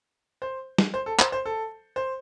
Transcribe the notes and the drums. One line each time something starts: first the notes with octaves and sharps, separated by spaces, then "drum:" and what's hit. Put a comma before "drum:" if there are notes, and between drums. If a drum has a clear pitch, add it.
C5
drum: snare
C5
A4
C5, drum: clap
C5
A4
C5